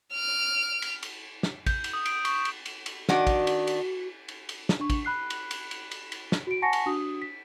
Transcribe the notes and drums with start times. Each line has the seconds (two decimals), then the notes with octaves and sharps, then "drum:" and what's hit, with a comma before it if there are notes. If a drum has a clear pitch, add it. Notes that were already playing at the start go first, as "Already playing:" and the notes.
0.14 F6 D7
0.82 drum: cymbal
1.03 drum: cymbal
1.43 drum: snare
1.66 G6, drum: kick, cymbal
1.84 drum: cymbal
1.93 D#6
2.05 D7, drum: cymbal
2.25 C#6, drum: cymbal
2.45 drum: cymbal
2.66 drum: cymbal
2.86 drum: cymbal
3.09 D#3 D4 F#4 F#5, drum: snare
3.27 drum: kick, cymbal
3.47 drum: cymbal
3.67 drum: cymbal
4.28 drum: cymbal
4.49 drum: cymbal
4.69 drum: snare
4.80 D4 C#6
4.90 drum: kick, cymbal
5.05 B5 F#6 C7
5.30 drum: cymbal
5.51 drum: cymbal
5.71 drum: cymbal
5.91 drum: cymbal
6.12 drum: cymbal
6.32 drum: snare
6.47 F#4 D7
6.62 F#5 G#5 A5 C#6 A#6 C#7
6.73 drum: cymbal
6.86 D4 F#4 D#6
7.22 B6